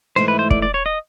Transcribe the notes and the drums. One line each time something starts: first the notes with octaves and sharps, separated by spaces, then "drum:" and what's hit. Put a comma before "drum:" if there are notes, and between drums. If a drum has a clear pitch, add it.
G#2 E3 A3 C5
B4
C5
D5, drum: kick
D5
C#5
D#5